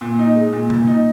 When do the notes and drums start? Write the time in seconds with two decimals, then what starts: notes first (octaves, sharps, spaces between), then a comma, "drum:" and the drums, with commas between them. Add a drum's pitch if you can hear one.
0.01 A#2
0.19 D#4
0.35 G#3
0.53 A#2
0.70 A#2, drum: tom B2
0.87 D#4